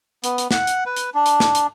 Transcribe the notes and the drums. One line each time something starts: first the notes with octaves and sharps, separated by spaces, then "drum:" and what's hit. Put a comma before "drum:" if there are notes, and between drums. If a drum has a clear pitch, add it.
B3, drum: hi-hat
drum: hi-hat
F#5, drum: snare
drum: hi-hat
B4
drum: hi-hat
D4
drum: hi-hat
drum: snare
drum: hi-hat